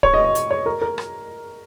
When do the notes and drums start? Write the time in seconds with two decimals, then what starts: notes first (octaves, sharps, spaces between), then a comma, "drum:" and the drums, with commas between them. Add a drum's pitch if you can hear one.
0.03 C#5, drum: kick D1
0.14 D#5
0.24 D#5
0.35 drum: hi-hat
0.51 C#5
0.66 A#4
0.82 A#4
0.98 drum: rim click